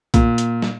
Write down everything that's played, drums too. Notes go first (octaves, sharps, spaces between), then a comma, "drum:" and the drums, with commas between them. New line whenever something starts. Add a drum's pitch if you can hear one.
A#2, drum: kick, hi-hat
drum: hi-hat
drum: snare